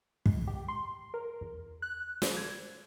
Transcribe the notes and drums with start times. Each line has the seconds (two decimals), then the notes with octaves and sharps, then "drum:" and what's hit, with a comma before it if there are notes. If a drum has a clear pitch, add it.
0.26 G#3, drum: kick
0.48 G4
0.68 C6
1.14 A#4
1.41 E2
1.82 F#6
2.22 C5, drum: snare
2.37 G#6